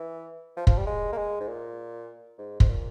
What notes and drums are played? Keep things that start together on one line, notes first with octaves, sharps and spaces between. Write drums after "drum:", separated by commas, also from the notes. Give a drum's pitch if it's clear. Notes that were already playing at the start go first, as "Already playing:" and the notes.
Already playing: E3
F3
F3, drum: kick
G3
G#3
A#3
G#3
G#2
A#2
G#2
G#2, drum: kick
A#2